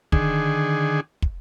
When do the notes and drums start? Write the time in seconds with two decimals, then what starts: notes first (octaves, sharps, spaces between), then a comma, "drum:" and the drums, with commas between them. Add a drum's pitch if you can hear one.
0.12 D3 D#3 G#4, drum: kick
1.22 drum: kick